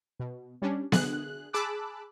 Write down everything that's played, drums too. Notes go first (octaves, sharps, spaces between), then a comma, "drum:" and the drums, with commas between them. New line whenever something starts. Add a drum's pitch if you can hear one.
B2
G3 C#4 D4
D3 G#4 F#6, drum: snare B3
G#4 A5 B5 D6 E6 F#6